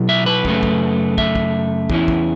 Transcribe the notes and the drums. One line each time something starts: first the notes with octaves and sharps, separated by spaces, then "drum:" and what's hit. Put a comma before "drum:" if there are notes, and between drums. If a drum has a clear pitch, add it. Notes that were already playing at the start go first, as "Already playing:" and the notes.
Already playing: B2 F#3 B3 E4
E5
B4
F#2 C#3 A3, drum: kick
drum: kick
E5, drum: kick
drum: kick
E2 E3 A3 C#4 E4, drum: kick
drum: kick